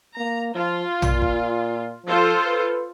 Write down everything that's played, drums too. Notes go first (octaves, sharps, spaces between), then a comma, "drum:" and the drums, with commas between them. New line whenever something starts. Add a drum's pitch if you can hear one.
A#3 A#5
F3 F4
A#2, drum: tom A#1
drum: kick
F3 F4 A4 C5
B4